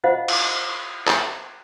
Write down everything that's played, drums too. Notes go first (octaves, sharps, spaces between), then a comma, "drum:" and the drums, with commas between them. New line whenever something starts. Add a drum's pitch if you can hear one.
F4 C5 D#5 F5 F#5
drum: cymbal
drum: clap